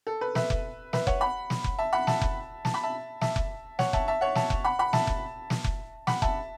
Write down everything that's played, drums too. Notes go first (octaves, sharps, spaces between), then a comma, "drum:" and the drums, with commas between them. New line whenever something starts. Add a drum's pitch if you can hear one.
A4
B4
B4 E5, drum: snare
drum: kick F1
B4 E5, drum: snare
C#5 F#5, drum: kick F1
F#5 B5
drum: snare
drum: kick F1
E5 A5
F#5 B5
E5 A5, drum: snare
drum: kick F1
A5, drum: snare
B5
E5 A5
E5 A5, drum: snare
drum: kick F1
C#5 F#5, drum: snare
E5 A5, drum: kick F1
E5 A5
C#5 F#5
E5 A5, drum: snare
drum: kick F1
F#5 B5
F#5 B5
E5 A5, drum: snare
drum: kick F1
drum: snare
drum: kick F1
F#5 B5, drum: snare
E5 A5, drum: kick F1